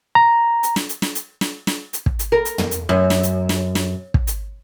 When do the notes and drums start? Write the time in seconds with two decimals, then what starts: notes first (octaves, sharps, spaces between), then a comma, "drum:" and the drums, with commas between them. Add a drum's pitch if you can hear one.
0.15 A#5
0.63 drum: hi-hat
0.76 drum: snare
0.89 drum: hi-hat
1.02 drum: snare
1.15 drum: hi-hat
1.41 drum: snare
1.67 drum: snare
1.93 drum: hi-hat
2.06 drum: kick
2.19 drum: hi-hat
2.32 A#4
2.45 drum: hi-hat
2.58 drum: tom
2.71 drum: hi-hat
2.89 F#2
3.10 drum: snare
3.23 drum: hi-hat
3.49 drum: snare
3.75 drum: snare
4.14 drum: kick
4.27 drum: hi-hat